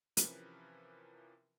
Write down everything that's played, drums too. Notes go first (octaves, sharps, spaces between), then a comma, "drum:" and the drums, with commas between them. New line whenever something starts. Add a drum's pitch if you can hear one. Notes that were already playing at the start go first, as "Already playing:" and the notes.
C3 E3 F3 C#4 A#4 B4, drum: hi-hat